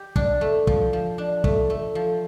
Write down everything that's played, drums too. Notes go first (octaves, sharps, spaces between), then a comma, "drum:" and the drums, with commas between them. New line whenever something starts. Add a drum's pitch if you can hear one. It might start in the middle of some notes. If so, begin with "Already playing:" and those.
Already playing: G4
D4, drum: kick
A3
F3, drum: kick
F3
D4
A3, drum: kick
A3
F3